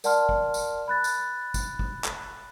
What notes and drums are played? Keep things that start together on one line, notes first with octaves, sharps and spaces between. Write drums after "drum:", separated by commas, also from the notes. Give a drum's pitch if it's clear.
A#4 D5 F#5 A5 C6 F6, drum: tambourine
drum: kick
drum: tambourine
B5 F#6 A6
drum: tambourine
drum: kick, tambourine
drum: kick
drum: clap